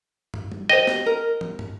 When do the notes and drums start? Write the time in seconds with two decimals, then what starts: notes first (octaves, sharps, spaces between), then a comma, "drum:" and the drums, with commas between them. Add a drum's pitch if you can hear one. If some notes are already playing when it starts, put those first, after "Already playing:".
0.34 drum: tom
0.52 drum: tom F#3
0.69 G4 C5 D#5
0.87 drum: snare
1.06 A#4
1.41 drum: tom
1.59 drum: tom